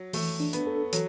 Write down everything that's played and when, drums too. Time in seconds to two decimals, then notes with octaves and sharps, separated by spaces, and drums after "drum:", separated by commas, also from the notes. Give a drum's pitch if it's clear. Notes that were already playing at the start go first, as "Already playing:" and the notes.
Already playing: F#3
0.13 E3 A3, drum: open hi-hat
0.40 D4
0.53 B3, drum: hi-hat
0.67 A4
0.93 E3 F#3, drum: hi-hat